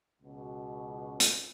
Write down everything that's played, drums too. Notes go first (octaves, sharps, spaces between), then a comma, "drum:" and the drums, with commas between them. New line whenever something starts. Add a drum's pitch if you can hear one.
C#2 B2
drum: hi-hat